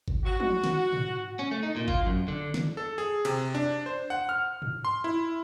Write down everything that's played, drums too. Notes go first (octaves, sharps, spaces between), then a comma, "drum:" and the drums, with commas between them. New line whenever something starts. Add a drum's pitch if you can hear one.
drum: kick G1
F#4
drum: tom
drum: snare
drum: tom
C#4
A3
D#4
A#2
F4, drum: kick G1
F#2
D3
drum: snare
A4
G#4
C3, drum: cymbal
D4
C5
F#5
F6
drum: tom
C6
E4